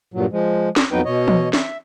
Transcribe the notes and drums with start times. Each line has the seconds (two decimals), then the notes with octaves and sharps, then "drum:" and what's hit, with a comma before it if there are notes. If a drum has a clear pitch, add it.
0.14 G2 A#2 F#3
0.32 F3 G#3
0.76 drum: snare
0.92 F2 F#3 B3 D#4 B4 G5
1.05 B2 C#5 D#5
1.28 drum: tom E3
1.53 E5, drum: snare